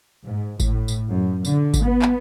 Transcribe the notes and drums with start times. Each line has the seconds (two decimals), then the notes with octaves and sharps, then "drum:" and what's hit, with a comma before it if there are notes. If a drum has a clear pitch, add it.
0.23 G#2
0.60 A2, drum: kick G#1, tambourine
0.88 drum: tambourine
1.08 F#2
1.45 D3, drum: tambourine
1.74 drum: kick G#1, tambourine
1.84 B3
2.02 drum: clap